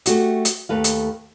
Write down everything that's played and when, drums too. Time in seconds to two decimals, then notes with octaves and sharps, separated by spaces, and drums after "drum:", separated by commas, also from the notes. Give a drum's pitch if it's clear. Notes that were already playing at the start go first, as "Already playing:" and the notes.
0.06 A3 F#4 G4, drum: hi-hat
0.45 drum: hi-hat
0.69 D#2 A3 B4 F5
0.84 drum: hi-hat